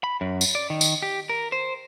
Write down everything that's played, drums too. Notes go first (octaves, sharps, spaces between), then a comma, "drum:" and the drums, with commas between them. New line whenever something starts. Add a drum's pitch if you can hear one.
B5
F#2
drum: tambourine
D5
D#3
drum: tambourine
G4
A#4
C5